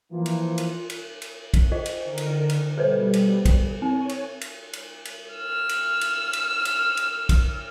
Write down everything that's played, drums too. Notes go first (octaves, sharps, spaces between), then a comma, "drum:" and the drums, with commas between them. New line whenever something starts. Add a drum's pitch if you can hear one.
E3 F3 A#3 F4
drum: cymbal
drum: cymbal
drum: cymbal
drum: cymbal
drum: kick, cymbal
F4 C5 D#5
drum: cymbal
D3 D#3 A#4
drum: cymbal
drum: cymbal
B2 G3 A4 B4 C5
drum: cymbal
drum: kick, cymbal
C4 C#5 G#5
drum: cymbal
drum: cymbal
drum: cymbal
drum: cymbal
E6 F6
drum: cymbal
drum: cymbal
drum: cymbal
drum: cymbal
drum: cymbal
drum: kick, cymbal